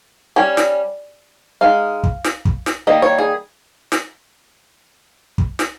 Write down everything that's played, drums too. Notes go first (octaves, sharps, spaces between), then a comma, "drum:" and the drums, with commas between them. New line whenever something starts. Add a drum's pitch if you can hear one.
G3 C#4 G#5
drum: snare
G#3 D#4 F5
drum: kick
drum: snare
drum: kick
drum: snare
D#3 G3 A#3 D#5
C#5
G#4
drum: snare
drum: kick
drum: snare